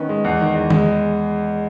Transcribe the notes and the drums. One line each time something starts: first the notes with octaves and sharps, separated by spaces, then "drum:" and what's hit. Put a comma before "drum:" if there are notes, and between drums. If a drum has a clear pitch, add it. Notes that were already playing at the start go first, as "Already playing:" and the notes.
Already playing: D#3 B3 C#4
G#3
E2
D#3
E2
G#3, drum: tom D#3